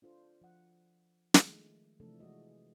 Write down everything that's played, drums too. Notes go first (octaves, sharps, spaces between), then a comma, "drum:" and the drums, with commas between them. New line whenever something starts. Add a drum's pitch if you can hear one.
D4 F4 A4 C5
F3 F#5
D#3 F3 G#3 A3, drum: snare
C3 E3 F3 A3 D4 A4
E3 G#3 F#4 D#5